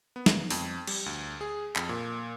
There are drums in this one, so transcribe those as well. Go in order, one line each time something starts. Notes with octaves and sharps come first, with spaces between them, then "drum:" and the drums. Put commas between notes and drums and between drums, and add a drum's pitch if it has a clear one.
B3
drum: snare
F2, drum: open hi-hat
G3, drum: cymbal
D2
G#4
F2, drum: clap
A#2